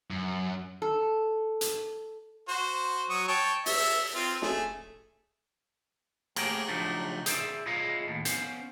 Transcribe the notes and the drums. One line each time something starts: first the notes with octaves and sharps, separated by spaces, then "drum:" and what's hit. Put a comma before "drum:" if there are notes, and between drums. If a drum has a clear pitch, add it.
F#2
A4
drum: hi-hat
F#4 C5
F#3 C#6 D#6
C#5 G5 A5
E5, drum: open hi-hat
C4 F4
A3 G#4, drum: snare
A3 A#3 G4 G#4 A#4, drum: cymbal
C#3 F3 F#3 A3 D4 D#4
G#4 C5 D5 E5, drum: hi-hat
E4 F4 G#4 C#5 D#5 F5
D#2 A2
B3 C#4 C5 F5, drum: hi-hat